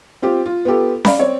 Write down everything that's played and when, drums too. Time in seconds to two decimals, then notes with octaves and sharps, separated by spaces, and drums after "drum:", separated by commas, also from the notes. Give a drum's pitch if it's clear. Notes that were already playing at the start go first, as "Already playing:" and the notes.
0.22 C4 F4 G4
0.46 F4
0.65 B3 F4 G4 A4
1.05 D5 F5 B5, drum: snare C#4
1.19 C4 C#5 D5